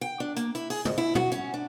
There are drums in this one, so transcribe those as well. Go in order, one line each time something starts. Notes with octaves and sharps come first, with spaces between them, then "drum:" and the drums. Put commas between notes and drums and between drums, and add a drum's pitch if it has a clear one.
G5
D4
A#3, drum: hi-hat
E4, drum: hi-hat
G#4, drum: open hi-hat
G#2, drum: tom
E4
F#4, drum: tom
C#4, drum: hi-hat
D4